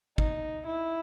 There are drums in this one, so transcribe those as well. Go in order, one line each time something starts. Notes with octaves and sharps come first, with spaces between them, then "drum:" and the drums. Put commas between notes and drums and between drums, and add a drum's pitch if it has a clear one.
D#4, drum: kick
E4